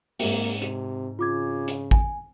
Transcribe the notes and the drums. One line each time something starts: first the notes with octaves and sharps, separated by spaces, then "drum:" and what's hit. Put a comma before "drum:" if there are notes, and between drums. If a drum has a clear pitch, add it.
G#2 A#3 C4, drum: open hi-hat
C3, drum: hi-hat
C#3 F4 D6 G#6
drum: hi-hat
G#5, drum: kick